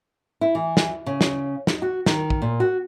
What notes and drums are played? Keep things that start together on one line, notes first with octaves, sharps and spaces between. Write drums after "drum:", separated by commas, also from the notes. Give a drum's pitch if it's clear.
E4
E3
drum: snare
C#3
drum: snare
D#4, drum: snare
F#4
D#3, drum: snare
drum: kick
A#2
F#4